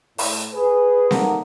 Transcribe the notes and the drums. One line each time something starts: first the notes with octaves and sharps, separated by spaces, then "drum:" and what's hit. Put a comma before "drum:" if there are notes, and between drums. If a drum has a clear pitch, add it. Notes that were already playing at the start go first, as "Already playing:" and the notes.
A2, drum: open hi-hat
G#4 B4
A#3 D#4 A4 A#4 F#5, drum: snare C4